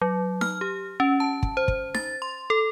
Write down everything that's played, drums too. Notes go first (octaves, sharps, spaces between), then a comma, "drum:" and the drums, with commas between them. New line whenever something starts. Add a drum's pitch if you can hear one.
F#3
F6, drum: snare D#4
G4
C#4
A5
drum: kick
C5
drum: kick
A6, drum: snare D#4
C6
A4